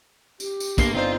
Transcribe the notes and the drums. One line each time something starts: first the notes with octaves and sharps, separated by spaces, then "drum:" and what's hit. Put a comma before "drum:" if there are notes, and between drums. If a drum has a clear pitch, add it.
G4, drum: tambourine
drum: tambourine
G1 A#3 C7 G7, drum: kick, tambourine
C4 D#4 F4 C5 D5